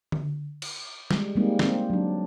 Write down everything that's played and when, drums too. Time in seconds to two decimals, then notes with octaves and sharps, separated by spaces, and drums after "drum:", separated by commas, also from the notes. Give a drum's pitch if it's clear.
0.12 drum: tom D3
0.62 drum: cymbal
1.11 G3 G#3, drum: snare
1.36 G3 G#3 A#3 C4 D#4
1.59 A#3 C4, drum: snare
1.90 F#3 D4